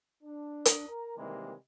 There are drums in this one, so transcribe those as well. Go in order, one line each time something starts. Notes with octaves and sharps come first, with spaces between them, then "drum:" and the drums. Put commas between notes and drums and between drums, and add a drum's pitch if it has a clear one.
D4
drum: hi-hat
A#4 A#5
C3 D#3 E3 G3 G#3 A#3